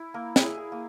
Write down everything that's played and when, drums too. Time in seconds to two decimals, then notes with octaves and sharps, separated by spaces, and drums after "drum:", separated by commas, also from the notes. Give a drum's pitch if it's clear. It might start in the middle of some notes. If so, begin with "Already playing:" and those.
Already playing: E4
0.14 A#3 A#4
0.36 G#4, drum: snare
0.43 E4
0.58 G#4
0.72 A#3